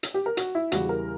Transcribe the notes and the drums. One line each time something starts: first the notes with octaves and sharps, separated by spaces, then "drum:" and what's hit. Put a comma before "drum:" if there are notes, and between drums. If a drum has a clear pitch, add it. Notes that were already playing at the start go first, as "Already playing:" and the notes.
drum: hi-hat
G4
A#4
F#4, drum: hi-hat
E4
E2 C#3 E3 G3 F#4, drum: hi-hat
A#4